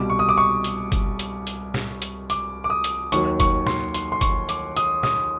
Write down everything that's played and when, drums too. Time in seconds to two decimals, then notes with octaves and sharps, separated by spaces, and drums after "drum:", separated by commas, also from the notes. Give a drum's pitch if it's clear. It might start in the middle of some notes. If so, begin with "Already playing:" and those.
Already playing: C2 B2 G3 D6
0.10 C#6
0.19 D#6
0.29 D6
0.38 C#6
0.64 drum: hi-hat
0.92 drum: kick G1, hi-hat
1.19 drum: hi-hat
1.47 drum: hi-hat
1.74 drum: snare
2.02 drum: hi-hat
2.30 D6, drum: hi-hat
2.64 D6
2.70 D#6
2.84 drum: hi-hat
3.12 D#2 D#3 F#3 C#6, drum: hi-hat
3.40 C#6, drum: kick G1, hi-hat
3.67 C6, drum: snare
3.94 C6, drum: hi-hat
4.12 C6
4.21 C#6, drum: kick G1, hi-hat
4.49 D6, drum: hi-hat
4.77 D#6, drum: hi-hat
5.03 D#6, drum: snare